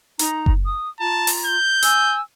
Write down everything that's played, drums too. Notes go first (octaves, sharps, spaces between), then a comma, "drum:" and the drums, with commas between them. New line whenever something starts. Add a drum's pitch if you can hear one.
D#4 A#5, drum: hi-hat
drum: kick F#1
D#6
F4 A5 A#5
drum: open hi-hat
G6
G#5 E6, drum: hi-hat